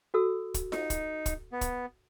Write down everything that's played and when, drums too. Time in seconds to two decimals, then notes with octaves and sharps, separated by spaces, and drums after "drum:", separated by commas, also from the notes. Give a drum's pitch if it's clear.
0.14 F#4 A4 E6
0.54 drum: kick, hi-hat
0.72 D#4, drum: snare F4
0.90 drum: kick, hi-hat
1.26 drum: kick, hi-hat
1.52 B3
1.61 drum: kick, hi-hat